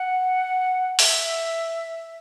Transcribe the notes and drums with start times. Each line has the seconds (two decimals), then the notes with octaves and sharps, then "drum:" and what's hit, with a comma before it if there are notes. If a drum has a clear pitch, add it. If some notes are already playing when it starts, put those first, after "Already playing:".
Already playing: F#5
0.99 E5, drum: open hi-hat